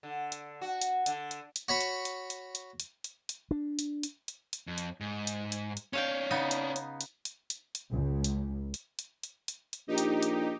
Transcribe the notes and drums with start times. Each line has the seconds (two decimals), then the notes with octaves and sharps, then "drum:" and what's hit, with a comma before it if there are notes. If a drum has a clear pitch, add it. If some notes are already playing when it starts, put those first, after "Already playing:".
0.03 D3
0.32 drum: hi-hat
0.61 F#4
0.81 drum: hi-hat
1.06 D3, drum: hi-hat
1.31 drum: hi-hat
1.56 drum: hi-hat
1.69 F#4 C#5 B5
1.81 drum: hi-hat
2.05 drum: hi-hat
2.30 drum: hi-hat
2.55 drum: hi-hat
2.80 drum: hi-hat
3.04 drum: hi-hat
3.29 drum: hi-hat
3.51 D4
3.79 drum: hi-hat
4.03 drum: hi-hat
4.28 drum: hi-hat
4.53 drum: hi-hat
4.67 F2
4.78 drum: hi-hat
5.01 G#2
5.27 drum: hi-hat
5.52 drum: hi-hat
5.77 drum: hi-hat
5.93 C#4 D4 C#5 F5 G5
6.31 C#3 B3 D#4
6.51 drum: hi-hat
6.76 drum: hi-hat
7.01 drum: hi-hat
7.25 drum: hi-hat
7.50 drum: hi-hat
7.75 drum: hi-hat
7.91 C#2
8.24 drum: hi-hat
8.74 drum: hi-hat
8.99 drum: hi-hat
9.23 drum: hi-hat
9.48 drum: hi-hat
9.73 drum: hi-hat
9.88 A#1 D#4 G4
9.98 drum: hi-hat
10.23 drum: hi-hat